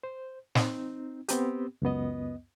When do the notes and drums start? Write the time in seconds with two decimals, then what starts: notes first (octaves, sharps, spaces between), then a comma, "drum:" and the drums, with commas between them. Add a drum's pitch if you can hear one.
0.03 C5
0.55 C4 D#4, drum: snare
1.29 B3 C4 G4, drum: hi-hat
1.82 C#2 F#2 B3 D#5